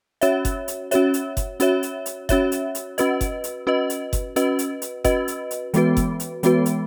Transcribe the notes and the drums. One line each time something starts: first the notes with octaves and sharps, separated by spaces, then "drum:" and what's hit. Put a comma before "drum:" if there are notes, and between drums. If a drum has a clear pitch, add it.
C#4 F#4 C#5 E5, drum: hi-hat
drum: kick F#1, hi-hat
drum: hi-hat
C#4 F#4 C#5 E5, drum: hi-hat
drum: hi-hat
drum: kick F#1, hi-hat
C#4 F#4 C#5 E5, drum: hi-hat
drum: hi-hat
drum: hi-hat
C#4 F#4 C#5 E5, drum: kick F#1, hi-hat
drum: hi-hat
drum: hi-hat
C#4 F#4 B4 D#5, drum: hi-hat
drum: kick F#1, hi-hat
drum: hi-hat
C#4 F#4 B4 D#5
drum: hi-hat
drum: kick F#1, hi-hat
C#4 F#4 B4 D#5, drum: hi-hat
drum: hi-hat
drum: hi-hat
C#4 F#4 B4 D#5, drum: kick F#1, hi-hat
drum: hi-hat
drum: hi-hat
E3 G#3 B3 F#4 B4, drum: hi-hat
drum: kick F#1, hi-hat
drum: hi-hat
E3 G#3 B3 F#4 B4, drum: hi-hat
drum: hi-hat